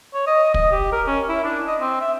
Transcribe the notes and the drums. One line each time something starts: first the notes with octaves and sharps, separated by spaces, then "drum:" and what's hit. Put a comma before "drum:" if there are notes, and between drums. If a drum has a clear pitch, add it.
C#5
D#5
D#5, drum: kick
G4
A#4
C#4
E4
D4
D#5
C4
E5